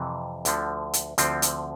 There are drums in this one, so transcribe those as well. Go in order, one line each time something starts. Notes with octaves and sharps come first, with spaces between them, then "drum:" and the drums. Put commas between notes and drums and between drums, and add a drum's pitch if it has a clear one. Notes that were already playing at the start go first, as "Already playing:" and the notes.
Already playing: F2 C3 E3 C4
D2 D3 F3, drum: hi-hat
drum: hi-hat
D2 D3 F3 C4, drum: hi-hat
drum: hi-hat